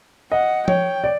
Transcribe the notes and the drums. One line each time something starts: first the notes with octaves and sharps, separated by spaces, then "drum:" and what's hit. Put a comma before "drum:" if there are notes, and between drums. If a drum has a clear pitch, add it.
D#5 F#5
C#5 G5, drum: tom F3
D5